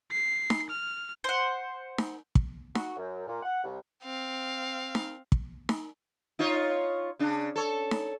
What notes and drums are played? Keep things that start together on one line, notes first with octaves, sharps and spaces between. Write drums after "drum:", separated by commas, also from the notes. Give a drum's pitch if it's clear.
C7
drum: snare D#4
F6
C5 F#5
drum: snare D#4
drum: kick
F#4, drum: snare D#4
F#2
A#2
F#5
C2
C4 F5
drum: snare D#4
drum: kick
drum: snare D#4
D#4 F4 C#5
C#3 D4
A4 C#5
drum: snare D#4